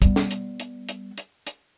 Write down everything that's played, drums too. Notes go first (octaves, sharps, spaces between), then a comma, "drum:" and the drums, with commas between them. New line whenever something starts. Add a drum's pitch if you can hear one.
G3 B3, drum: kick, hi-hat
drum: snare
drum: hi-hat
drum: hi-hat
drum: hi-hat
drum: hi-hat
drum: hi-hat